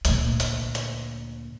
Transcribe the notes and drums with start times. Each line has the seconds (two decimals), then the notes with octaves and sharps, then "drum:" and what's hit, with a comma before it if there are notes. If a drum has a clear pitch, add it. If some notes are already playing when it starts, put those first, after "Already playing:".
0.05 D2 A#2, drum: hi-hat
0.40 drum: hi-hat
0.75 drum: hi-hat